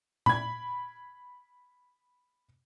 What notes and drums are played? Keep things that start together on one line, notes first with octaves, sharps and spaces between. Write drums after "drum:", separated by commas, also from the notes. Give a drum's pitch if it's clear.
B5 G#6, drum: tom A#2